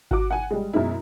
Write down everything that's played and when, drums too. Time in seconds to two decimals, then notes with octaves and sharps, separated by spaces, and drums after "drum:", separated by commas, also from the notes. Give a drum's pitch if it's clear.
0.11 F#4 D6, drum: kick G#1
0.30 F#5 G#5
0.51 G3 G#3
0.73 F#2 B2 G#3 E4